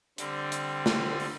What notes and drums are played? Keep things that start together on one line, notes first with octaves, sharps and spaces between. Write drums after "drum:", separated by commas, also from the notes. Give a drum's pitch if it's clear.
D3 G3 C4, drum: hi-hat
drum: hi-hat
drum: snare
drum: open hi-hat